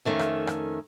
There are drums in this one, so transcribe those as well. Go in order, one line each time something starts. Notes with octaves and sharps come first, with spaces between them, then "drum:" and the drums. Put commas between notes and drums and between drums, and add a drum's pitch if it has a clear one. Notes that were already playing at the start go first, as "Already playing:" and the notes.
F2 D#3 A3 C4 C#4
drum: rim click
drum: rim click